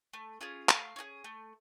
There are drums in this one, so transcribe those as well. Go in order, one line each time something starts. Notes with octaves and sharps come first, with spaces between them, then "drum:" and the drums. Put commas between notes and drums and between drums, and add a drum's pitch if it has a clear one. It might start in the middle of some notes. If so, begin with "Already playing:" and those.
A3
C#4 F4 G#4
A3 F5, drum: clap
C#4 F4 G#4
A3